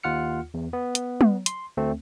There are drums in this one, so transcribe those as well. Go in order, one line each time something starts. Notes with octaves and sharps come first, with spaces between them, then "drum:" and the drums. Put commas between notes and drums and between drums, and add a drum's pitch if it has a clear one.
D#2 F4 F#5 F6 C#7
E2
B3
drum: hi-hat
drum: tom
C6, drum: hi-hat
D2 A3 C4